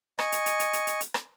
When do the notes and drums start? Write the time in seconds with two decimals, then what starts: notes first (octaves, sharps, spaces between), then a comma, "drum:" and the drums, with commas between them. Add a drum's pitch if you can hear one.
0.19 D#5 G#5 C#6, drum: rim click
0.32 drum: hi-hat
0.46 drum: hi-hat
0.60 drum: hi-hat
0.73 drum: hi-hat
0.87 drum: hi-hat
1.01 drum: hi-hat
1.14 drum: rim click